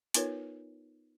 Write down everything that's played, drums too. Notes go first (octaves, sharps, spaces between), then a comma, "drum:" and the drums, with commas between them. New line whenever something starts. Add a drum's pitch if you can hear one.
B3 D#4 F4 A#4 B4 C#5, drum: hi-hat